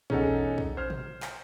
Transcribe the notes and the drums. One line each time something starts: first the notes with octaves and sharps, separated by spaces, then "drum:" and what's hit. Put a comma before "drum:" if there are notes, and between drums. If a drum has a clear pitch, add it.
E1 C#4 D#4 G#4 A4 F#5, drum: kick
drum: kick
C5 F6 G#6
drum: tom
drum: clap